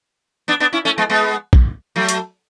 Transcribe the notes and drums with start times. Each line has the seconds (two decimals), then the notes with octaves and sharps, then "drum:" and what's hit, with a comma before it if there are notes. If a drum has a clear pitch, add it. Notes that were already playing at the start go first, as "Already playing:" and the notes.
0.48 B3 D4
0.60 B3 D4
0.73 C#4 E4
0.85 A3 C#4
0.98 G#3 B3
1.10 G#3 B3
1.53 drum: kick
1.96 F#3 A3
2.09 drum: hi-hat